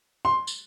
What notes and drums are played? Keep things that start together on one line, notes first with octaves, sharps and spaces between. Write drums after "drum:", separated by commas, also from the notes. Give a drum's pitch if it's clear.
C6
drum: tambourine